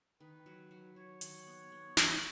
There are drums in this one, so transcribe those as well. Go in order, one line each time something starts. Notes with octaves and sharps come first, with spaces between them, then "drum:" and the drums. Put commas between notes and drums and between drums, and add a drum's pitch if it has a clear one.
D#3 B4
F#3
F#3
F#3 C#5
D#3, drum: hi-hat
B3
B3
B3, drum: snare